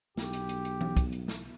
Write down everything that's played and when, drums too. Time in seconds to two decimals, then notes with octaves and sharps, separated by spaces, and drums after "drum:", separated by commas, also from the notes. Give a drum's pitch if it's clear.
0.17 B1 G4, drum: snare
0.33 drum: hi-hat
0.49 drum: hi-hat
0.65 drum: hi-hat
0.81 drum: tom E3
0.97 drum: kick, hi-hat
1.12 drum: hi-hat
1.28 drum: snare